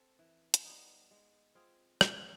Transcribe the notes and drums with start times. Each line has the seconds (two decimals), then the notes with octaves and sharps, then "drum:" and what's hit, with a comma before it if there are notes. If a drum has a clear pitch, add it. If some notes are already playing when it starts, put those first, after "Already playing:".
Already playing: C4 A4
0.19 E3
0.54 drum: hi-hat
0.65 G3 B3 D#4
1.11 G#3
1.55 C4 F4 G#4
2.01 C#3, drum: rim click